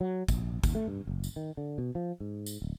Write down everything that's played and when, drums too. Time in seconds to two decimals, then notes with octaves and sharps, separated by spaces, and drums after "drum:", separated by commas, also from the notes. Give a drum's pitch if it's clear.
0.01 F#3
0.28 A#1, drum: kick, tambourine
0.64 D#2, drum: kick, tambourine
0.75 A3
0.88 G2
1.07 F#1
1.24 drum: tambourine
1.36 D#3
1.57 D3
1.78 B2
1.95 F3
2.20 G#2
2.46 drum: tambourine
2.62 D1